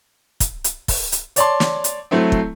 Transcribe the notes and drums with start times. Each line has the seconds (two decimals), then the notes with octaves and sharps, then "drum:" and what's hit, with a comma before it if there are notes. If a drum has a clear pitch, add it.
0.40 drum: kick, hi-hat
0.64 drum: hi-hat
0.88 drum: kick, open hi-hat
1.12 drum: hi-hat
1.36 C#5 D5 A5 C6, drum: hi-hat
1.60 drum: snare
1.84 drum: hi-hat
2.11 F#3 A3 C4 E4
2.32 drum: kick